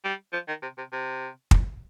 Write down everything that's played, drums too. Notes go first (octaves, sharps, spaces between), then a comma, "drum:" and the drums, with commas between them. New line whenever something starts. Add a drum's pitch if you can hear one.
G3
F3
D#3
C3
C3
C3
drum: kick